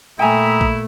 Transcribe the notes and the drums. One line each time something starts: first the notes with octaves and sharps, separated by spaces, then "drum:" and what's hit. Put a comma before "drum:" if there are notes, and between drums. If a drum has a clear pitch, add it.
A#2 A3 E4 E5 G5 G#5 A#5 D#6
drum: kick A1